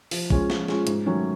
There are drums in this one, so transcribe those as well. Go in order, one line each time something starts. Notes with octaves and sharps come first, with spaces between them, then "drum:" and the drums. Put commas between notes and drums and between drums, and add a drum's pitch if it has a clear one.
F3, drum: open hi-hat
G#3 C#4 F4, drum: kick
F3, drum: snare
G#3 C#4 F4, drum: snare
G#2, drum: hi-hat
D#3 F#3 A3 C#4